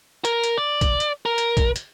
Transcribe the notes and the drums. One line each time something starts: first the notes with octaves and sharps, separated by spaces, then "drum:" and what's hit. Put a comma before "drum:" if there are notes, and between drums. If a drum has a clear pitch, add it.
A#4, drum: hi-hat
drum: hi-hat
D5
drum: kick, hi-hat
drum: hi-hat
A#4
drum: hi-hat
drum: kick, hi-hat
drum: hi-hat